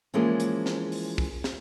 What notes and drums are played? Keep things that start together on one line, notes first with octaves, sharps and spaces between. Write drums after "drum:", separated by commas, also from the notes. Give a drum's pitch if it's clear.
E3 F3 G#3 A#3 C#4 G#4
drum: hi-hat
drum: snare
drum: open hi-hat
drum: kick
drum: snare